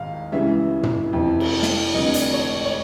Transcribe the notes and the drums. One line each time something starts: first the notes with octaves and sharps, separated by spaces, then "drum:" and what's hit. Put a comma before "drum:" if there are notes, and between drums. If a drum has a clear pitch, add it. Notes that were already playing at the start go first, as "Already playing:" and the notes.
Already playing: G#1 G#2 D#3 F5
C#2 C#3 E3 G3 E5
drum: tom
F2 C3 E3
drum: cymbal
drum: snare
F1 F2 D3 G3 D#5
D5, drum: hi-hat
C#5
C#5
C#5